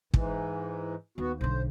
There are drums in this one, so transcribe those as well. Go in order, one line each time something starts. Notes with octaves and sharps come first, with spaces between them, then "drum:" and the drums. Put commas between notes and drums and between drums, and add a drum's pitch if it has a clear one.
G#2 E3 E4, drum: kick
D#2 B3 F#4
B1 D3 C5